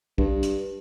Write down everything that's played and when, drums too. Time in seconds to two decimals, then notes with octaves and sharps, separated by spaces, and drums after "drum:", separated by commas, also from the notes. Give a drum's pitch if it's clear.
0.18 G2, drum: kick
0.43 drum: hi-hat